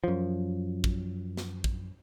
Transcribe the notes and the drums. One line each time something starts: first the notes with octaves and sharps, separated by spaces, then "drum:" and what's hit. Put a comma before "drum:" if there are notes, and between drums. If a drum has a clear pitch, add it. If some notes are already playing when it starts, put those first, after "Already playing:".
F#2 F3
drum: kick
drum: snare
drum: kick